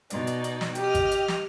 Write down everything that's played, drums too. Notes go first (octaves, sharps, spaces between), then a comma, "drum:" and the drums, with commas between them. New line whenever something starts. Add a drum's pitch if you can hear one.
B2 D#4 D5, drum: hi-hat
drum: hi-hat
drum: hi-hat
drum: snare
G4 D#5 F6, drum: hi-hat
drum: kick G#1, hi-hat
drum: hi-hat
drum: snare